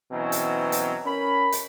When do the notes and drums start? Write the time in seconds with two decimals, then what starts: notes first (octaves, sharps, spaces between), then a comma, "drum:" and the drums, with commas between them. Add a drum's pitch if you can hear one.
0.12 B2 E3 F#3 C4 C#4
0.32 drum: hi-hat
0.72 drum: hi-hat
1.05 C#4 A#4 B5
1.52 drum: hi-hat